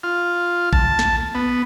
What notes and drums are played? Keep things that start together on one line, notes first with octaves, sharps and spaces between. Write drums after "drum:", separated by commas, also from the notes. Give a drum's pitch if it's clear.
F4
A5, drum: kick A1
drum: snare
B3